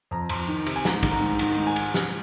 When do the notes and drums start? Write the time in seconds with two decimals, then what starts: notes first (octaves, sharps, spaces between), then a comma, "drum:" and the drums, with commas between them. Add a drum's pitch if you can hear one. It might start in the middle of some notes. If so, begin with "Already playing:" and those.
0.11 F2 A#5
0.29 F2 C6, drum: cymbal
0.48 D#3
0.66 C3, drum: cymbal
0.76 G#5
0.85 G#2 A#5, drum: snare
1.03 D#3, drum: kick, cymbal
1.11 A#5
1.21 G#2
1.39 D#3 A#5, drum: cymbal
1.57 G#2
1.67 G#5
1.76 drum: cymbal
1.94 drum: snare